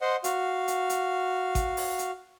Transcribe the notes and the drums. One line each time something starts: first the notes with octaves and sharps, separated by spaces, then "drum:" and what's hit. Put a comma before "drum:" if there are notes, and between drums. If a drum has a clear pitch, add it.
C5 D#5 F#5 C6
F#4 F5, drum: hi-hat
drum: hi-hat
drum: hi-hat
drum: kick G#1, hi-hat
drum: open hi-hat
drum: hi-hat